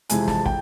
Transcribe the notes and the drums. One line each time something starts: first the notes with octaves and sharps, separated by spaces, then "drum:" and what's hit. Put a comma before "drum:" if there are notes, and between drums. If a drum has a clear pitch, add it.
F2 C3 E3 G#3 G#5, drum: hi-hat
A5, drum: snare
G5, drum: kick